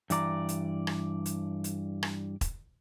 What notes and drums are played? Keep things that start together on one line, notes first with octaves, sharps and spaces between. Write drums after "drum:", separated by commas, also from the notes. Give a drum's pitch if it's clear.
G2 E3 D5 A#5, drum: hi-hat
drum: hi-hat
drum: rim click
drum: hi-hat
drum: hi-hat
drum: rim click
drum: kick E1, hi-hat